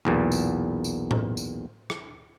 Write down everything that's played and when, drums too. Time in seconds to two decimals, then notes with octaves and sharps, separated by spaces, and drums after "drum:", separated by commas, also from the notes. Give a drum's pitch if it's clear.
0.05 B1 E2 A#2
0.32 drum: tambourine
0.84 drum: tambourine
1.11 drum: tom A2
1.37 drum: tambourine
1.90 drum: rim click